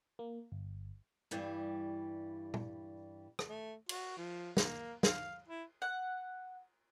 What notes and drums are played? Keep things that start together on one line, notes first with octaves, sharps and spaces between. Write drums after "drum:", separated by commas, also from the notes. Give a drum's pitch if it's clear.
A#3
G1
G2 E3 G3
drum: tom
drum: rim click
A3
F#4, drum: cymbal
F3
A#3, drum: snare
F5, drum: snare
E4
F#5